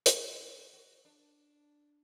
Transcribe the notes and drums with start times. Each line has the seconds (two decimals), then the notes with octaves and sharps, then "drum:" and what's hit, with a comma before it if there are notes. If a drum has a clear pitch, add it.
0.06 D3 C#4, drum: hi-hat
0.73 F#4
1.05 D4